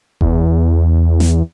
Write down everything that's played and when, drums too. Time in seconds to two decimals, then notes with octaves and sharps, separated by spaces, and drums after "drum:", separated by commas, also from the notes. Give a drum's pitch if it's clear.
0.21 E2, drum: kick F#1
1.20 drum: snare